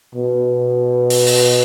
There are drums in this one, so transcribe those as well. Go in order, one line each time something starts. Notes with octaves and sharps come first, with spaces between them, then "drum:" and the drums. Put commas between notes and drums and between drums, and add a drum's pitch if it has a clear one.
B2
drum: open hi-hat
drum: open hi-hat